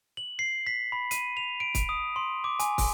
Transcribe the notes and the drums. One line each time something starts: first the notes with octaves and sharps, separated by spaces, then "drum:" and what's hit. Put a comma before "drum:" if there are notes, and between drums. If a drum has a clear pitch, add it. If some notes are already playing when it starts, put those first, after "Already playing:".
F#7
C7
B6
B5
D#7, drum: hi-hat
F7
D7
drum: kick, hi-hat
D#6
C6
D6
G#5, drum: hi-hat
drum: kick, open hi-hat